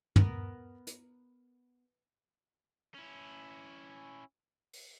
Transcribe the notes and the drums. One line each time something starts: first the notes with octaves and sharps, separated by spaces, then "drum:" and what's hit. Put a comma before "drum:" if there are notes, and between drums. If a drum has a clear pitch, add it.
B3 A#4, drum: tom
drum: hi-hat
C#4 E4
drum: open hi-hat